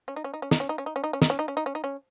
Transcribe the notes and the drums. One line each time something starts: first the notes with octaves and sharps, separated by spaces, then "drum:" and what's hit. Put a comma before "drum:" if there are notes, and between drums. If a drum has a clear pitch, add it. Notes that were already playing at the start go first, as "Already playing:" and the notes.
C#4
D#4
C#4
D#4
C#4
D#4, drum: snare
C#4
D#4
C#4
D#4
C#4
D#4
C#4
D#4, drum: snare
C#4
D#4
C#4
D#4
C#4
D#4
C#4